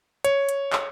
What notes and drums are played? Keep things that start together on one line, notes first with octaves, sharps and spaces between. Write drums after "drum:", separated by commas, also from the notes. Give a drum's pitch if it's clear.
C#5, drum: hi-hat
drum: hi-hat
drum: clap